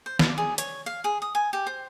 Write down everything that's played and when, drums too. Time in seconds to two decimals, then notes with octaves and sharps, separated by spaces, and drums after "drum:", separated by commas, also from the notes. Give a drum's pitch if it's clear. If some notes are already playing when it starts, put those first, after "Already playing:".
0.06 C5
0.19 D5, drum: snare
0.38 G#4
0.58 C#5, drum: hi-hat
0.86 F5
1.04 G#4
1.22 D#6
1.35 G#5
1.53 G4
1.67 C5